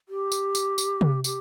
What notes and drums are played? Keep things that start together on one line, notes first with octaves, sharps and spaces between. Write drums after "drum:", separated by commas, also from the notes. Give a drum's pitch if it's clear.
G4
drum: tambourine
drum: tambourine
drum: tambourine
drum: tom C3
G4, drum: tambourine